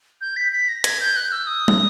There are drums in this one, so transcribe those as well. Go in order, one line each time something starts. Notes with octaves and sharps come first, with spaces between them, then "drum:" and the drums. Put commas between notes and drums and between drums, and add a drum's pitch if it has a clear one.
G6
B6
B6
A#6
G#6, drum: hi-hat
G6
F#6
E6
D#6
drum: tom